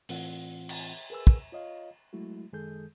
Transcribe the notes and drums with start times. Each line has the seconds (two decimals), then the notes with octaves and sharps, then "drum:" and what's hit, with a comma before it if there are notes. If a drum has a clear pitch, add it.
0.09 A2 E3 C4 F4 F#5, drum: open hi-hat
0.69 drum: cymbal
1.10 G#4 A#4 B4 G#5 E6
1.27 drum: kick
1.52 F4 C#5 D#5 F5
2.13 F#3 G#3 A3 E4 F#4
2.52 F#2 D#3 G#3 G#4 A4 G6